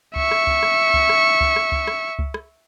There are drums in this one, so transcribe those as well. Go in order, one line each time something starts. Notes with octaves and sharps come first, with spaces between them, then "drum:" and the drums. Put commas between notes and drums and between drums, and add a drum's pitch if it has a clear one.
E5 C#6, drum: kick C#2
drum: rim click
drum: kick C#2
drum: rim click
drum: kick C#2
drum: rim click
drum: kick C#2
drum: rim click
drum: kick C#2
drum: rim click
drum: kick C#2
drum: rim click